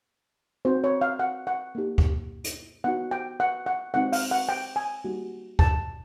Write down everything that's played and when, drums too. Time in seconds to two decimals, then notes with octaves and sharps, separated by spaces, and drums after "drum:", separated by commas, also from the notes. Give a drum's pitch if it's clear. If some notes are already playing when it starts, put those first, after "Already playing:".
0.65 C4 D#4 F#4 C5
0.84 C#5
1.01 F5
1.20 F#5
1.47 F#5
1.75 A#3 D#4 G4
1.98 drum: kick D2
2.44 drum: hi-hat
2.84 B3 D#4 F#4 F#5
3.11 G5
3.40 F#5
3.66 F#5
3.94 G#3 C4 D#4 F#4 F#5
4.13 F5, drum: open hi-hat
4.31 F#5
4.49 G5
4.76 G#5
5.04 G3 A#3 D#4 F#4
5.59 A5, drum: kick D2